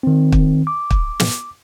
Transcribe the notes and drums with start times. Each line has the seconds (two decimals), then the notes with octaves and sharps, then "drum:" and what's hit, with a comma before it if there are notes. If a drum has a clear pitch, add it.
0.03 D#3 C4
0.32 drum: kick
0.67 D6
0.91 drum: kick
1.20 drum: snare